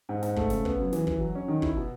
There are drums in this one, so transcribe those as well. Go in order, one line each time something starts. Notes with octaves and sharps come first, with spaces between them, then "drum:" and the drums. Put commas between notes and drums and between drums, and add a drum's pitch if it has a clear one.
G#2
G#2, drum: snare
A3, drum: kick
C#3, drum: snare
B3, drum: kick
F#2
E3, drum: snare
E3, drum: kick
F#3
C#4
D#3
E4, drum: kick
B2